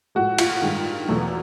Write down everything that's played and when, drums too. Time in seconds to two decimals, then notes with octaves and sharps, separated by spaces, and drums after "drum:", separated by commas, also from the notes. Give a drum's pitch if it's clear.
0.15 A2 F3 G#3 F#4
0.38 F4, drum: cymbal
0.62 G2 D#3 G#3
1.08 E2 B2 F#3 A3